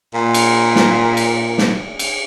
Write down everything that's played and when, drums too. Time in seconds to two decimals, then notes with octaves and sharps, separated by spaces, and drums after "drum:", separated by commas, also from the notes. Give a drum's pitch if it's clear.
0.14 A#2
0.34 drum: cymbal
0.76 drum: snare
1.17 drum: cymbal
1.58 drum: snare
1.99 drum: cymbal